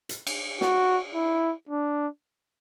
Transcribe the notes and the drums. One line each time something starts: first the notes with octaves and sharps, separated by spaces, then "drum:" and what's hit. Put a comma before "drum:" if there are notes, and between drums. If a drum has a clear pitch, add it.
drum: hi-hat
drum: cymbal
F#4, drum: snare
E4
D4